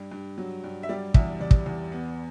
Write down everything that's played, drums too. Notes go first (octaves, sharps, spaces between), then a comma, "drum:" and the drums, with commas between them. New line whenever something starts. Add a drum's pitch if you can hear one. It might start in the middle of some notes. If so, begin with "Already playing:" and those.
Already playing: G2
G2
F#3
G2
E5
G3 D5
E2 E5, drum: kick
E2 D5
drum: kick
E2
B3